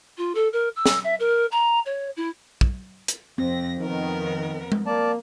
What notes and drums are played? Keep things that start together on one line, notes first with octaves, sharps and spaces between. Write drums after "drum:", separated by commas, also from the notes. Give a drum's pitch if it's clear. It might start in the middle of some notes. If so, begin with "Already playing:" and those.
F4
A4
A#4
E6
drum: snare
E5
A#4
A#5
C#5
E4
drum: kick
drum: hi-hat
F2 C4 A#6
F2 D#3 B3 A#4
drum: tom G#3
A#3 D5 A5